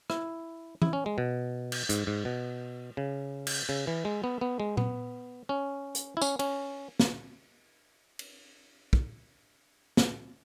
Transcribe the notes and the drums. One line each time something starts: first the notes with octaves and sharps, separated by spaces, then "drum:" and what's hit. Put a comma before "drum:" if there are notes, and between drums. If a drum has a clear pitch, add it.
E4, drum: rim click
E4, drum: tom
C#4
G#3
B2
drum: cymbal
G#2, drum: hi-hat
G#2
B2
C#3
drum: cymbal
C#3
E3
G#3
B3
B3
G#3
B3, drum: tom A#2
C#4
drum: hi-hat
E4
C#4, drum: tambourine
C#4, drum: cymbal
drum: snare
drum: cymbal
drum: kick
drum: snare